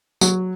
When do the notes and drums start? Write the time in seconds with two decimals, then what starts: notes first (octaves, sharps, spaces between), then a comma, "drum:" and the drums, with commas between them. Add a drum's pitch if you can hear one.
0.21 F#3, drum: tambourine